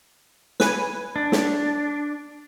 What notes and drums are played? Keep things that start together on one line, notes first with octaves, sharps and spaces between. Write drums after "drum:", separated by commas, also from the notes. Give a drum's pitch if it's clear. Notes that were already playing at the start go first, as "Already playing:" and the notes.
B4 G#5, drum: snare
D4
drum: snare